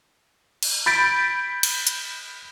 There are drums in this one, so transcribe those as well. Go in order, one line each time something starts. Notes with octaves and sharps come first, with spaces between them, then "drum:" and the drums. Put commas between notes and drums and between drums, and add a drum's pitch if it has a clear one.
drum: cymbal
B5 G6 A6 B6 D7
drum: cymbal
drum: hi-hat